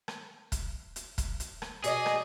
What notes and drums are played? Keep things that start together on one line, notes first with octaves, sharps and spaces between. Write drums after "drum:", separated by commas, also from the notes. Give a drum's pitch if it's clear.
drum: rim click
drum: kick, hi-hat
drum: hi-hat
drum: kick, hi-hat
drum: hi-hat
drum: rim click
B2 G#4 D5 D#5, drum: hi-hat
drum: rim click